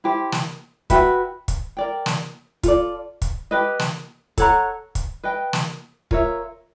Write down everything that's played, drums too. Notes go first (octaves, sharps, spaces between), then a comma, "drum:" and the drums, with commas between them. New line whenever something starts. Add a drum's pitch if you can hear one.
E4 G4 C5
drum: snare
F#4 B4 E5 G5, drum: kick, hi-hat
drum: kick, hi-hat
A#4 D5 G5
drum: snare
F4 A4 D5, drum: kick, hi-hat
drum: kick, hi-hat
G4 B4 D#5
drum: snare
A4 C#5 F#5 A#5, drum: kick, hi-hat
drum: kick, hi-hat
B4 D#5 G5
drum: snare
F4 A#4 C#5 E5, drum: kick